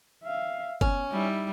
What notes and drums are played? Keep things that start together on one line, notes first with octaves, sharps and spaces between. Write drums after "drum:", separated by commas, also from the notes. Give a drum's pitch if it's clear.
E5 F5
B3 C#4, drum: kick
G3 D#4 E4